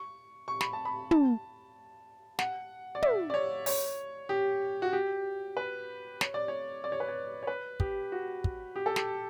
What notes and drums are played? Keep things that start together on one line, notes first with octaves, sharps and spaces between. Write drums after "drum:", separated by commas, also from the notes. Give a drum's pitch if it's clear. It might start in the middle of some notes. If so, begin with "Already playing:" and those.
Already playing: C#6
C#6
B5, drum: snare
A5
B5
A5, drum: tom
F#5, drum: snare
D5
E5, drum: tom
D5
C#5
C#5, drum: open hi-hat
G4
F#4
G4
B4
C#5, drum: snare
D5
C#5
D5
C#5
B4
C#5
C#5
B4
G4, drum: kick
F#4
drum: kick
G4
A4
G4, drum: snare